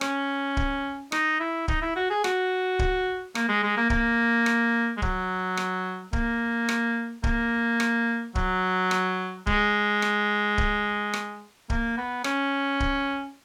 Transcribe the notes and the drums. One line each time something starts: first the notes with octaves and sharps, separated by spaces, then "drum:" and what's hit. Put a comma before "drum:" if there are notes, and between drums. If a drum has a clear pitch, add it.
C#4, drum: rim click
drum: kick D1
D#4, drum: rim click
E4
D#4, drum: kick D1
E4
F#4
G#4
F#4, drum: rim click
drum: kick D1
A#3, drum: rim click
G#3
G#3
A#3
A#3, drum: kick D1
drum: rim click
G#3
F#3, drum: kick D1
drum: rim click
A#3, drum: kick D1
drum: rim click
A#3, drum: kick D1
drum: rim click
F#3, drum: kick D1
drum: rim click
G#3, drum: kick D1
drum: rim click
drum: kick D1
drum: rim click
A#3, drum: kick D1
B3
C#4, drum: rim click
drum: kick D1